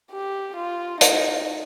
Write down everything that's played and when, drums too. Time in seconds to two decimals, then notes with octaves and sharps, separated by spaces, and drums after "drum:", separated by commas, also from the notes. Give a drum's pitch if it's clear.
0.12 G4
0.57 F4
1.01 D#4, drum: hi-hat